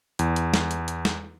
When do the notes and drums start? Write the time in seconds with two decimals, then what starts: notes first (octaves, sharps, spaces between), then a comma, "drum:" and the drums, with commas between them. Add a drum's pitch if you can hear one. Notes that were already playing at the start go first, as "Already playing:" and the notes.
0.19 E2, drum: hi-hat
0.36 drum: hi-hat
0.54 drum: snare
0.71 drum: hi-hat
0.88 drum: hi-hat
1.05 drum: snare